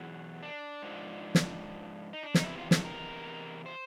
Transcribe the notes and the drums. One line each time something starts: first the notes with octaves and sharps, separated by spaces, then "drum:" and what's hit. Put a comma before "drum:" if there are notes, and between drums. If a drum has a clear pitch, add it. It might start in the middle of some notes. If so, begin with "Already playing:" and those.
Already playing: E2 B2 F#3
D4
G#2 F3
drum: snare
D#4
D4
D#4, drum: snare
E2 C3 E3 E4
F4
A4, drum: snare
A#4
C5